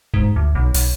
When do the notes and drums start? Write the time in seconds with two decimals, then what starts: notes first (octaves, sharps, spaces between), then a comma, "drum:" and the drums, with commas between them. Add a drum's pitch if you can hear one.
0.14 G#2, drum: kick E1
0.36 D2
0.55 B1
0.74 B1, drum: open hi-hat